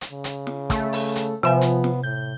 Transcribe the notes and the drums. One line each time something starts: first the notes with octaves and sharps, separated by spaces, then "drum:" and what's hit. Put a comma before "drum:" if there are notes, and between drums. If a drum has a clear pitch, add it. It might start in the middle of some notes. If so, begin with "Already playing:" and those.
drum: hi-hat
C#3
drum: hi-hat
drum: snare
A3, drum: kick, hi-hat
drum: open hi-hat
drum: hi-hat
C3 F3 B3 E5 G#5
drum: hi-hat
drum: snare
A2 G6